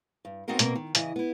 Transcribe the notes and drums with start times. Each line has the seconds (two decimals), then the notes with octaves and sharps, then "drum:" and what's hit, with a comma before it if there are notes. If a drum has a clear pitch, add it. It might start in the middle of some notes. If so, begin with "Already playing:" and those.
0.25 G2
0.48 B3 C4 D#4 F#4 A#4 C5
0.59 B2 A#3 C4, drum: hi-hat
0.75 D#3
0.95 C#3 E3 D#5, drum: hi-hat
1.16 B3 E4